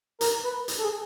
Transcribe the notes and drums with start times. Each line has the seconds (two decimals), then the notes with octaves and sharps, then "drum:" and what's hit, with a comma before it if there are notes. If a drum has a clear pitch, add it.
0.21 A#4, drum: hi-hat
0.44 B4
0.68 drum: hi-hat
0.79 A4
0.83 G#4